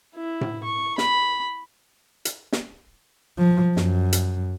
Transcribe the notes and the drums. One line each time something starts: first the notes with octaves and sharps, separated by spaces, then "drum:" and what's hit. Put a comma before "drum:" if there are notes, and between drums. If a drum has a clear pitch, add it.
E4
drum: tom A2
C#6
B5, drum: snare
drum: hi-hat
drum: snare
F3
F#2, drum: snare
drum: hi-hat